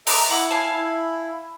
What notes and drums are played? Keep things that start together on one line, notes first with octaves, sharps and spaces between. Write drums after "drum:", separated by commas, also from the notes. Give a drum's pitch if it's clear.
A4 D#5 E5 A#5 B5 D6, drum: open hi-hat
E4 F#5 B5 D6
F5 G#5 A5
E4